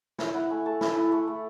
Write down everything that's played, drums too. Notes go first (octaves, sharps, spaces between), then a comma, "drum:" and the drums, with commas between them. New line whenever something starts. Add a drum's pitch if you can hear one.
E4 E5, drum: snare
E4 F#5
A3 G#5
A3 A5
E4, drum: snare
E4
A3
A3